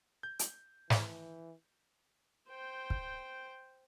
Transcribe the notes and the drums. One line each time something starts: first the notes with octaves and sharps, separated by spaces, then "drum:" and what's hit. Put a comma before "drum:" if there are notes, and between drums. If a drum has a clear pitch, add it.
G6
drum: hi-hat
E3, drum: snare
C5 G5
drum: kick